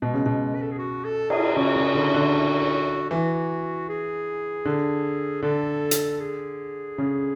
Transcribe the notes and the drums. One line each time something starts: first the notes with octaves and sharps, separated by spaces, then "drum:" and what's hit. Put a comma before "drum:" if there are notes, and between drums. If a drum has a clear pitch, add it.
B2 G#3
C#3
B2
B4
A4
G#4
F#4
A4
G#4, drum: cymbal
C#3 F#4
C#3
D3
D3
E3 F#4
G#4
D3
D3 A4
drum: hi-hat
G#4
C#3